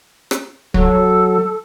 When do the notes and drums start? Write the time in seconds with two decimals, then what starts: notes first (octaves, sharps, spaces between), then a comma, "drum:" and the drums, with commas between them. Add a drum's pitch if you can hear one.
0.31 drum: rim click
0.74 F#3 A4, drum: kick